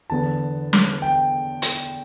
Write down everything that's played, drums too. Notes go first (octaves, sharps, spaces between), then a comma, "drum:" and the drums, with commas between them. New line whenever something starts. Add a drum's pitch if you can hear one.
E2 D3 B3 A5
drum: snare
G5
drum: hi-hat